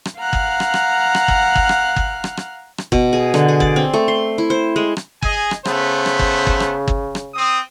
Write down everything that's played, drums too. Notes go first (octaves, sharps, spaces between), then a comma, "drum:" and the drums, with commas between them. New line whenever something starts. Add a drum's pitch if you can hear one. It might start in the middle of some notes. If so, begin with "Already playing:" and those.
drum: rim click
F5 F#5 A#5 F6 F#6
drum: kick G1
drum: rim click
drum: rim click
drum: rim click
drum: kick G1
drum: kick G1
drum: rim click
drum: kick G1
drum: rim click
drum: rim click
drum: rim click
B2, drum: kick G1
G#4
D3, drum: rim click
G#4
D5, drum: kick G1
C4
A3
C6
E4
C5
G#3
drum: rim click
G#4 D#5 G#5, drum: kick G1
drum: rim click
C#3 A3 B3 C5, drum: rim click
drum: rim click
drum: kick G1
drum: kick G1
drum: rim click
drum: kick G1
drum: rim click
C4 D#6